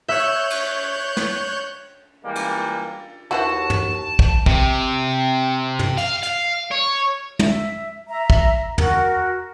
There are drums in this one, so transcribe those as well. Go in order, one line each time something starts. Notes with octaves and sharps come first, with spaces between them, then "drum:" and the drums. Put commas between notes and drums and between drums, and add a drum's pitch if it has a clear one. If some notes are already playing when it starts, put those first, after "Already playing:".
C#5 E5 E6 F#6 G6
drum: cymbal
drum: snare
E3 G3 G#3 A#3
drum: cymbal
D#2 E4 F#4 B4 C5 A5
drum: tom
drum: kick
C3, drum: kick
drum: tom
F5, drum: cymbal
F5, drum: hi-hat
C#5
E5, drum: tom
E5 A#5
drum: kick
F#4 A#4, drum: tom